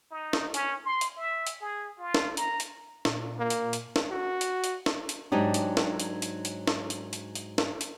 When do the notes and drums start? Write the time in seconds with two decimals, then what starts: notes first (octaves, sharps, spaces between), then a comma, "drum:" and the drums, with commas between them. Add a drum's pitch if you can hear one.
0.11 D#4
0.33 drum: snare
0.54 C#4, drum: hi-hat
0.85 C6
1.01 drum: hi-hat
1.17 E5
1.47 drum: hi-hat
1.61 G#4
1.98 F4
2.15 drum: snare
2.37 A#5, drum: hi-hat
2.60 drum: hi-hat
3.05 A#2, drum: snare
3.39 A#3
3.50 drum: hi-hat
3.73 drum: hi-hat
3.96 drum: snare
4.11 F#4
4.41 drum: hi-hat
4.64 drum: hi-hat
4.86 drum: snare
5.09 drum: hi-hat
5.32 G#2 F#3 D4 D#4 G4
5.54 drum: hi-hat
5.77 drum: snare
6.00 drum: hi-hat
6.22 drum: hi-hat
6.45 drum: hi-hat
6.67 drum: snare
6.90 drum: hi-hat
7.13 drum: hi-hat
7.35 drum: hi-hat
7.58 drum: snare
7.81 drum: hi-hat